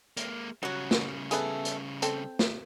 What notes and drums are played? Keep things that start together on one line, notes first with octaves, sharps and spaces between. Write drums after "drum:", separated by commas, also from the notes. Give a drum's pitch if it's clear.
G#3 A#3, drum: hi-hat
C#3 F#3 G3 F#4
drum: snare
A3 B3 G#4, drum: hi-hat
drum: hi-hat
C4 A4 G5, drum: hi-hat
drum: snare